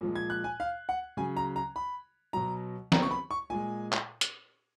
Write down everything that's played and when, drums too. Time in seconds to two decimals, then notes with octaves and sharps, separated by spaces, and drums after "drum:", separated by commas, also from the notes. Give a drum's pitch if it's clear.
0.01 A#2 F3 G#3
0.16 G#6
0.30 F#6
0.44 G#5
0.60 F5
0.89 F#5
1.17 C#3 F#3 G#5
1.37 A#5
1.56 A#5
1.76 B5
2.33 B2 F#3 A#5
2.92 A#5, drum: snare
3.02 C#6
3.11 B5
3.31 C#6
3.50 A#2 G#3 G#5
3.93 drum: clap
4.21 drum: hi-hat